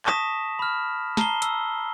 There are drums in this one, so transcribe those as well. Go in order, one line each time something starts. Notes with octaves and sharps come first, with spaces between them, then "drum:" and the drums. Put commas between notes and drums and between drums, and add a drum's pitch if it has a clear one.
A5 C#6 D#6 A#6 B6 E7, drum: clap
B5 F6
A5 A#5 C7 G7, drum: snare
E6, drum: hi-hat